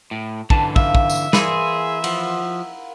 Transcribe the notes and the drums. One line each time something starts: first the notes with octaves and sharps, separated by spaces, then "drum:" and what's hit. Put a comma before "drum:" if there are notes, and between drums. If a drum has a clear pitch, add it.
A2
D3 E3 A5, drum: kick
E5 F5, drum: kick
drum: kick
drum: tambourine
E3 A#3 E4 G#4 C5, drum: snare
F3 F#5, drum: cymbal